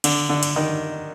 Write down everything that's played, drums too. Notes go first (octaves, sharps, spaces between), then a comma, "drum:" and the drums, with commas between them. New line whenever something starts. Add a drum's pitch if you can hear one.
D3, drum: cymbal
D3
drum: cymbal
D#3